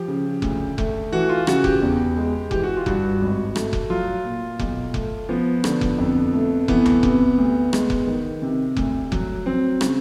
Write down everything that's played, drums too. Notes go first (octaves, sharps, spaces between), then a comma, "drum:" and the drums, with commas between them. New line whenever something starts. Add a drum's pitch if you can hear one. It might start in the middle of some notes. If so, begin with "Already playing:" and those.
Already playing: F3 G4
C#3
D2, drum: kick F1
A3, drum: kick F1
E3 F#4
F4
C#3 F#4, drum: rim click
G4, drum: kick F1
E2
G#3
E3 G4, drum: kick F1
F#4
F4
G2 F#4, drum: kick F1
G#1
A3, drum: rim click
drum: kick F1
F#3 F4
A#2
B1, drum: kick F1
A3, drum: kick F1
F3 B3
D3, drum: rim click
drum: kick F1
F2
A3
E3 B3, drum: kick F1
drum: tom C#2
C3, drum: kick F1
D2
G#3, drum: rim click
drum: kick F1
D#3
C3
D2, drum: kick F1
F#3, drum: kick F1
F#3 C4
C#3, drum: rim click